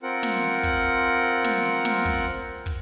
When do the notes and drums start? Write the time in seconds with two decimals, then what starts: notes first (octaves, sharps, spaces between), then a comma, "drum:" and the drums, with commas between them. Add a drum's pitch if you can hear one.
0.03 C4 F4 A#4 F#5
0.23 drum: snare
0.63 drum: kick
1.44 drum: snare
1.85 drum: snare
2.05 drum: kick
2.66 drum: kick